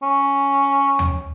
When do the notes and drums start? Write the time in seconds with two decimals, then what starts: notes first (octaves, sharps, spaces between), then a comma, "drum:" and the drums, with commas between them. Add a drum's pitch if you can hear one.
0.03 C#4
0.99 drum: tom